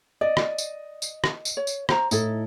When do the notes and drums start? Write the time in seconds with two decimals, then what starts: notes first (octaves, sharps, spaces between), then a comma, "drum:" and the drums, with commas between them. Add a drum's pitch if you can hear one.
0.21 D5 D#5
0.37 drum: rim click
0.58 drum: tambourine
1.02 drum: tambourine
1.24 drum: rim click
1.45 drum: tambourine
1.57 C#5
1.67 drum: tambourine
1.89 C5 A#5, drum: rim click
2.11 A2 D#4 E4 A4, drum: tambourine